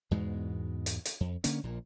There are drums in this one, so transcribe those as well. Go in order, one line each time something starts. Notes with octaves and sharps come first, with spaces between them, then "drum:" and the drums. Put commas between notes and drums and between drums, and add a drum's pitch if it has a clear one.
E2 G#2 B2 G#3
drum: hi-hat
drum: hi-hat
F2
D3 A#3 C#4, drum: hi-hat
A#1 A#2